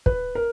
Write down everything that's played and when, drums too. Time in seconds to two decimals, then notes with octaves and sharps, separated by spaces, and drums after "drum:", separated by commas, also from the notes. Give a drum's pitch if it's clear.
0.06 B4, drum: kick
0.35 A#4